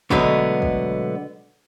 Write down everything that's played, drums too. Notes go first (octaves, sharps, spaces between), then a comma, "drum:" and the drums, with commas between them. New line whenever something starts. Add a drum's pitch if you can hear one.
B2 D3 F#3 G#3 A3 B3, drum: kick
drum: kick